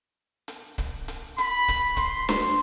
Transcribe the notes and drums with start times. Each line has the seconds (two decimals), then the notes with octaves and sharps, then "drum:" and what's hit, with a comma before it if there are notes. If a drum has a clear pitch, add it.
0.48 drum: hi-hat
0.78 drum: kick C#1, hi-hat
1.08 drum: hi-hat
1.38 B5, drum: hi-hat
1.68 drum: kick C#1, hi-hat
1.97 C6, drum: kick C#1, hi-hat
2.29 drum: snare